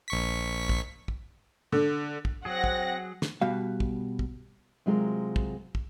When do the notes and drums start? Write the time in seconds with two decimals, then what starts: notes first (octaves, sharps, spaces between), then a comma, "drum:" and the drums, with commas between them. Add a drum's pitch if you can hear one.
0.08 A#1 C#6 B6
0.69 drum: kick
1.08 drum: kick
1.72 D3
2.25 drum: kick
2.45 F#3 C4 G#4 F#5 A#6
2.64 drum: kick
3.22 drum: snare
3.42 B2 G3 F#4 F5
3.80 drum: kick
4.19 drum: kick
4.86 C3 F#3 G#3 F4 A#4
5.36 drum: kick
5.75 drum: kick